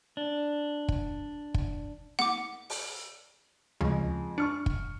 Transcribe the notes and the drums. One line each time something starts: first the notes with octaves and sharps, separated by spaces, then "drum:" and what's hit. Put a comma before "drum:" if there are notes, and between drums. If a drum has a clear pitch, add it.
D4
drum: kick
drum: kick
F#5 D6, drum: snare
drum: open hi-hat
F2 C#3 G#3, drum: tom D2
D4 C#6 F6 C#7
drum: kick